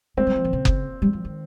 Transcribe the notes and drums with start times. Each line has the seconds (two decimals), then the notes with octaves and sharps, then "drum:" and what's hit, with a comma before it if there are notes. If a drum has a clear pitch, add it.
0.17 G#3 C4
0.27 G3
0.36 F3
0.44 D#3
0.53 C#3
0.65 drum: kick F#1
1.02 G3
1.13 F3
1.25 D#3